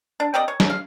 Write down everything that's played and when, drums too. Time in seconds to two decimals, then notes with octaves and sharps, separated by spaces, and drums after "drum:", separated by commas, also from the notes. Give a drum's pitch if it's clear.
0.20 D4
0.34 C4 G4 D5 D#5
0.48 C#5
0.60 drum: snare
0.70 F5